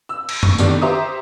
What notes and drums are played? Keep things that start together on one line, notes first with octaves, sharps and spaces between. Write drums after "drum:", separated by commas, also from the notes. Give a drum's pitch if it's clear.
E6
drum: cymbal
C#6, drum: tom F#2
B2 D3 D#3 D4 G4, drum: tambourine
G4 C5 E5 A#5 D#6